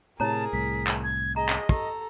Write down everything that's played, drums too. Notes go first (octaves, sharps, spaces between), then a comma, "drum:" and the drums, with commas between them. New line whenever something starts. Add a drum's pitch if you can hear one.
A2 C3 E4 G#4 A#4 C#5 A5 A#5
C2 A2 B6
drum: clap
G#6
G#4 D#5 A#5
drum: clap
G4 A4 A#5, drum: kick